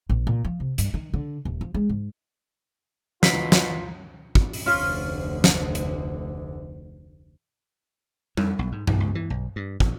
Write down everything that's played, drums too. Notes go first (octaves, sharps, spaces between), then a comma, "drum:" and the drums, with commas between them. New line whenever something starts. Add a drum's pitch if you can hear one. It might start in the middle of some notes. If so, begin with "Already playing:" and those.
A#1
A#2
F3
C3
G2, drum: hi-hat
D#3
D3
D#1
F3
G#3
G#2
C#2 B2 E3 F4 A#5 B6 C7, drum: snare
drum: snare
drum: kick
drum: open hi-hat
F1 D2 C#4 F4
drum: snare
drum: hi-hat
F2, drum: tom G3
B1
G#2
B1, drum: tom G2
C#2
E3
B1
G2
A#1, drum: kick